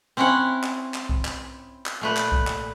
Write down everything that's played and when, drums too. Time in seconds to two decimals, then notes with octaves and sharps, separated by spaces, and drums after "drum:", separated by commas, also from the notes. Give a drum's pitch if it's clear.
0.17 C4 C#4 E4 C#5 F#5
0.63 drum: clap
0.94 drum: clap
1.09 drum: kick B1
1.25 drum: clap
1.86 drum: clap
2.01 A#2 A3 B4
2.17 drum: clap
2.32 drum: kick B1
2.47 drum: clap